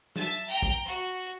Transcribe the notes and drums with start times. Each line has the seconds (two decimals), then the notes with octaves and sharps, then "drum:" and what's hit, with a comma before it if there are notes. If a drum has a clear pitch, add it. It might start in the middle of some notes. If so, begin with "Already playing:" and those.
0.16 E5 A5, drum: snare
0.48 G5 A#5
0.62 drum: kick
0.85 F#4